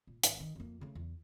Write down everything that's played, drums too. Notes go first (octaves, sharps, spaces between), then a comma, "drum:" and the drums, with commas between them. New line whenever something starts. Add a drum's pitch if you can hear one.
A#2
G#1, drum: hi-hat
D#3
F2 A#3
C#3 A3
E2